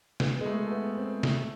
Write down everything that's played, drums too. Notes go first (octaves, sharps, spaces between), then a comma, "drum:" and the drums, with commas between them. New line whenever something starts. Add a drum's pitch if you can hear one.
B3, drum: snare
G#3
A3
A3
B3
B3
C4
A3, drum: snare